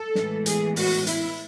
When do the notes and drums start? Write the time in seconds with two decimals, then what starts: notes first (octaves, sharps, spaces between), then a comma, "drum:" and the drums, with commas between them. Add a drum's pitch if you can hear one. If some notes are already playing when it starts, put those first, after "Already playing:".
Already playing: A4
0.15 A2 E3 G#3 B3, drum: snare
0.46 G#4, drum: hi-hat
0.76 F#4, drum: open hi-hat
1.07 E4, drum: hi-hat